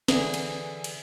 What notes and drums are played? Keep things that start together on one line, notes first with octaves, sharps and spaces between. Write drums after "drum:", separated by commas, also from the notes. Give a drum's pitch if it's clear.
D3 E3 G#4, drum: snare
drum: cymbal
drum: cymbal